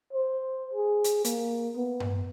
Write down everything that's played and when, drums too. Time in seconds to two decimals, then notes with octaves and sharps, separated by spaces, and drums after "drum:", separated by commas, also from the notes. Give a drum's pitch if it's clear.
0.13 C5
0.73 G#4
1.04 drum: hi-hat
1.24 A#3, drum: hi-hat
1.76 B3
2.00 drum: tom G2